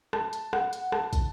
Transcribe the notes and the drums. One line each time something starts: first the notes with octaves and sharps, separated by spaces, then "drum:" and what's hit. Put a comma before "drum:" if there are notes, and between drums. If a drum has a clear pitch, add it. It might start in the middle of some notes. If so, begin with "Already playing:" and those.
A5, drum: rim click
drum: hi-hat
F#5, drum: rim click
drum: hi-hat
A5, drum: rim click
drum: kick, hi-hat